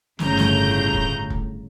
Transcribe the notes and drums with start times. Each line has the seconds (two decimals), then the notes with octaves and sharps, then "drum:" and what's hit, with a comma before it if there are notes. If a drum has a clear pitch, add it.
0.19 G1 A2 C#3 A#5 G6, drum: snare
0.37 drum: snare
0.93 drum: kick
1.30 drum: kick